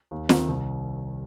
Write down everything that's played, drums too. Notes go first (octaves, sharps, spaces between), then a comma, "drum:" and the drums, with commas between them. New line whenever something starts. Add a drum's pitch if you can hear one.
D#2
D#3 C4, drum: snare
C2